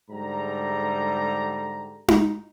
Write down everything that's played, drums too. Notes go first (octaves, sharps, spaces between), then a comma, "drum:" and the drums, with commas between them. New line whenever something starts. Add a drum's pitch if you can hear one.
G#2 D3 G3 A3 A#5
drum: tom D#4